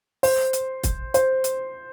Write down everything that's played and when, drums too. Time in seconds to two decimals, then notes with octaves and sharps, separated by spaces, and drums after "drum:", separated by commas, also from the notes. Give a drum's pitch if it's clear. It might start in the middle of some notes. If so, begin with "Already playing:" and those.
0.23 C5, drum: open hi-hat
0.53 drum: hi-hat
0.84 drum: kick, hi-hat
1.14 C5, drum: hi-hat
1.44 drum: hi-hat